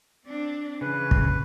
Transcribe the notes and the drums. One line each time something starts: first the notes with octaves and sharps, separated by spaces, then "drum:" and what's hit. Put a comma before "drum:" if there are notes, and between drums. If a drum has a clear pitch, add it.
C4 D4
C#3 E3 B4
drum: kick